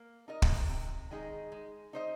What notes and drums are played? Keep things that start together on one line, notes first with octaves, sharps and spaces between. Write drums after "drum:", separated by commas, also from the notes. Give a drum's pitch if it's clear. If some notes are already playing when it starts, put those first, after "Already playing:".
Already playing: A#3
D#4 A#4 D#5
drum: kick
C3
D#3 G#3 D#4 G#4
G#3
D#4 C5 D#5